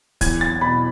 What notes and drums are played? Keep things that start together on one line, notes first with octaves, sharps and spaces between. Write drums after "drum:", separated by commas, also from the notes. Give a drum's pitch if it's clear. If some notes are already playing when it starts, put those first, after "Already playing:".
E2 G#6, drum: kick, hi-hat
A6
B2 B5